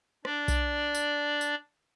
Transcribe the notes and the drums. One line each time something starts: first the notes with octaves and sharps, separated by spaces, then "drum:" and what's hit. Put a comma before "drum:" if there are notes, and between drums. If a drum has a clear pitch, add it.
D4 D5, drum: rim click
drum: kick B1, tambourine
drum: tambourine
drum: tambourine